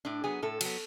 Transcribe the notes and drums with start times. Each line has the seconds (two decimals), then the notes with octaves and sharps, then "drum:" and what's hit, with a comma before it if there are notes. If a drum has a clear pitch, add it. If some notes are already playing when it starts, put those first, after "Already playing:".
0.05 A2 D4
0.24 F#3 B3 G#4
0.42 A2 A4
0.61 F#3 B3, drum: cymbal